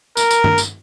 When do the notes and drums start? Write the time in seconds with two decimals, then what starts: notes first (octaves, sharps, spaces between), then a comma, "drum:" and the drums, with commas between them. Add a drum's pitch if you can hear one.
0.17 A#4, drum: tambourine
0.31 drum: tambourine
0.44 drum: tom G2
0.58 drum: tambourine